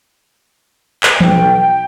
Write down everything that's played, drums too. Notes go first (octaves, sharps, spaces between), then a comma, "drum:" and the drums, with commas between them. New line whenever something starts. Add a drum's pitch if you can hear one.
drum: clap
B1 G5, drum: tom E3